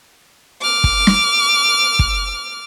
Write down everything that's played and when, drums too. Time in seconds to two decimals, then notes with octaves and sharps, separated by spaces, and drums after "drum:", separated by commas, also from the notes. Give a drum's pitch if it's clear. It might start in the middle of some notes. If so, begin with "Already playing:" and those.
0.61 D6 F6
0.84 drum: kick
1.07 drum: snare
1.99 drum: kick